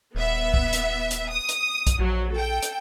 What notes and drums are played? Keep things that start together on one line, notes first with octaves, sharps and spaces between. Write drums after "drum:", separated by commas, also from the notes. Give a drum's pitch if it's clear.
D#1 B3 E5
drum: kick
drum: hi-hat
drum: hi-hat
D#6
drum: hi-hat
drum: kick, hi-hat
A#1 F#3
A4 G5
drum: hi-hat